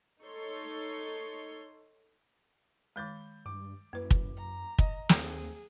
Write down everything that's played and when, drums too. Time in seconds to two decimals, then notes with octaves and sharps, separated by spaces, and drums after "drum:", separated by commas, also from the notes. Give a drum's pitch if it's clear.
0.21 D#4 A4 C#5 C6
2.96 D#3 G#3 B5 G6 A6
3.46 G2 D6
3.93 F#2 A#3 E4 B4
4.11 drum: kick
4.37 A#5
4.78 D#5, drum: kick
5.09 D#2 C4 G#4, drum: snare